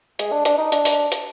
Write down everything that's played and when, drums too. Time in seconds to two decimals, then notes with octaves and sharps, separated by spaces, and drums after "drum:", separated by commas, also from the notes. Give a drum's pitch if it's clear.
0.19 G#3, drum: hi-hat
0.32 D4
0.45 D4, drum: hi-hat
0.58 D#4
0.72 D4, drum: hi-hat
0.85 drum: open hi-hat
1.12 drum: hi-hat